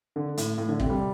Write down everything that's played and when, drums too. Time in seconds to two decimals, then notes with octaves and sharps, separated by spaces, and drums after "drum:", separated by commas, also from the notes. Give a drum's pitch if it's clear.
0.16 D3
0.37 A2, drum: hi-hat
0.58 A2
0.69 D3
0.80 C3, drum: kick
0.90 G3